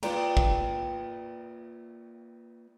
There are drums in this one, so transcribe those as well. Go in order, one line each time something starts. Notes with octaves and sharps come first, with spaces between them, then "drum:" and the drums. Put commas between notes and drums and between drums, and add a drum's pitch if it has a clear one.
A#3 F4 B4 D5 G5 A#5, drum: cymbal
drum: kick